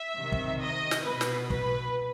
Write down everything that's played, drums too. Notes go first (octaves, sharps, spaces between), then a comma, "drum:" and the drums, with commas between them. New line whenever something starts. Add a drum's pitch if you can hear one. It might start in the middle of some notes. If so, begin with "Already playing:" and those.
Already playing: E5
C3 D#3
drum: kick
D#5
drum: snare
B2 B4
drum: snare
B4, drum: kick